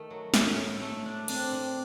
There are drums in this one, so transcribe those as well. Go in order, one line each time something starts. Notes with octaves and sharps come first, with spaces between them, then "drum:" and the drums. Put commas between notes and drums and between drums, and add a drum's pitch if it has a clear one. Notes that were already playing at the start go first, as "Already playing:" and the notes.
Already playing: D#3 A3
F#3
A2, drum: snare
A2
A3
D4
C4 D4, drum: cymbal
D4